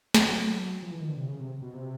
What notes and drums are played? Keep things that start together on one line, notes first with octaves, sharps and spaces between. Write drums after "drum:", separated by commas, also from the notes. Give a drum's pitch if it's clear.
F#3, drum: snare
F3
E3
D#3
D3
C3
C#3
C3
B2
C3